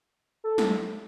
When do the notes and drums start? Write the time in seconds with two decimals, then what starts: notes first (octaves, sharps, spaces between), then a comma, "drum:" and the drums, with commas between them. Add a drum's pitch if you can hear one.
0.44 A4
0.58 drum: snare